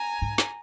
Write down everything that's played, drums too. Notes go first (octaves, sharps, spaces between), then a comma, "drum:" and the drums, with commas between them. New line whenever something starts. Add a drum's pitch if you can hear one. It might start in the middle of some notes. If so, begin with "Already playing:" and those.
Already playing: G#5 A#5
G#2
drum: snare